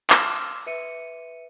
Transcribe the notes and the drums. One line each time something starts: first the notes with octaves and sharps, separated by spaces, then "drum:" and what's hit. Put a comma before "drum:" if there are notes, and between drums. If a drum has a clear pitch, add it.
F5 C6 D6 E6 F6 E7, drum: clap
B4 E5 C#7 D#7